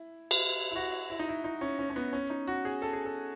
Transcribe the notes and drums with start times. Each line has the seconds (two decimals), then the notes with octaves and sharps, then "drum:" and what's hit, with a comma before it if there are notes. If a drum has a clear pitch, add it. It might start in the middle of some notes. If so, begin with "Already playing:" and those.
Already playing: E4
0.31 drum: cymbal
0.71 E4
0.76 F#4
1.10 E4
1.19 D#4
1.29 E4
1.44 D#4
1.61 C#4
1.79 C#4
1.90 C#4
1.96 B3
2.13 C#4
2.30 D#4
2.47 F#4
2.65 G#4
2.82 A4
2.93 G#4
3.05 A4